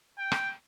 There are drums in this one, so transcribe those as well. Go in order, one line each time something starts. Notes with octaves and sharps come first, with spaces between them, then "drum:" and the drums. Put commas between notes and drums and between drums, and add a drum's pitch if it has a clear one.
G5
drum: rim click